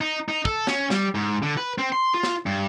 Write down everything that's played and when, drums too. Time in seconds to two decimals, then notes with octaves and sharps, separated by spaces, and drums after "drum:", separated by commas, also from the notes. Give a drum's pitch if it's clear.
0.01 D#4
0.28 D#4
0.45 A4, drum: kick
0.67 C#4, drum: snare
0.90 G3, drum: snare
1.15 G#2
1.43 D3
1.57 B4
1.78 C4
1.92 C6
2.14 F4
2.23 drum: snare
2.46 G2